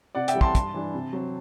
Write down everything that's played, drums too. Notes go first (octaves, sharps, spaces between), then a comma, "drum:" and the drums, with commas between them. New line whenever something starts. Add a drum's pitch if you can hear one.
C3 D5 F#5
E5 G5, drum: hi-hat
E3 G3
A5 C6, drum: kick
G2, drum: kick, hi-hat
E3 G3 D4
C3
F#3 C4